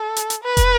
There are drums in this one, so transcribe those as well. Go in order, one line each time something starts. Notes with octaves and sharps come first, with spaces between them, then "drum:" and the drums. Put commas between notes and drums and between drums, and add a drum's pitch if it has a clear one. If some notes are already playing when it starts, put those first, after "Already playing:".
Already playing: A4
drum: hi-hat
drum: hi-hat
B4
drum: kick, hi-hat